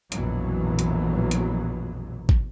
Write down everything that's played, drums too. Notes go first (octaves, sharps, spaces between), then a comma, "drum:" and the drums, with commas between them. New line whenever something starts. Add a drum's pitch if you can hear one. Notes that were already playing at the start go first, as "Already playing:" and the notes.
A#1 F2 B2 E3 F#3, drum: hi-hat
drum: hi-hat
drum: hi-hat
drum: kick